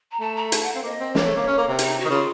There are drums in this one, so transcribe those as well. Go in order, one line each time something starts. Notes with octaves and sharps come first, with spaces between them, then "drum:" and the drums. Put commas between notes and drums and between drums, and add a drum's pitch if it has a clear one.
A#5
A3 A5
A#5
A5, drum: hi-hat
F#5
C4 F5
A#3 D#5
C4
A#3 C#5, drum: snare
A3
A#3
C#4
A#3
C3
D#4, drum: hi-hat
F#4
D#3
C#3 F4